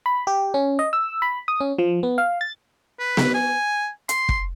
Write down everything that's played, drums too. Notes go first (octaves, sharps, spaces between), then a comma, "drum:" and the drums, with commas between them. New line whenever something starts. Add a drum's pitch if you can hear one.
B5
G4
C#4
D#5
E6
B5
D#6
C#4
F3
B3
F5
A6
B4
drum: snare B3
G#5
C6, drum: hi-hat
drum: kick